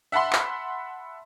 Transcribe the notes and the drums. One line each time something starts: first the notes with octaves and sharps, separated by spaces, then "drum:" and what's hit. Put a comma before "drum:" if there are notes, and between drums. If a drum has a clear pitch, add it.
E5 F#5 A5 B5 C6
drum: clap